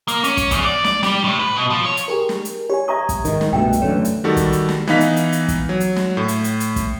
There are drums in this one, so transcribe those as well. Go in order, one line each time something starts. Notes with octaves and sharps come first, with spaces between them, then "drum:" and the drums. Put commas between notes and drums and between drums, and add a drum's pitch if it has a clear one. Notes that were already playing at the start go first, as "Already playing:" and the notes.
A#3, drum: hi-hat
C#4, drum: hi-hat
drum: kick, hi-hat
E2, drum: kick, hi-hat
D5
D5, drum: snare
G3, drum: snare
A2
B4
B2
F3
C#5
drum: hi-hat
G4 G#4 A#4
drum: snare
drum: hi-hat
G4 C#5 G#5
E5 A#5 C#6 D#6 G#6
drum: kick, hi-hat
G#2 D#3, drum: hi-hat
drum: snare
C2 G2 B2 A3 E5 G5
drum: hi-hat
F#2 D3 E3 A3 C#5
drum: hi-hat
D#3 G3 F#4 A4
drum: kick, hi-hat
drum: hi-hat
drum: snare
E3 B3 D#4 F5 B6, drum: snare
drum: hi-hat
drum: hi-hat
drum: hi-hat
drum: kick, hi-hat
F#3
drum: hi-hat
drum: snare
A2
drum: hi-hat
drum: hi-hat
drum: hi-hat
drum: kick, hi-hat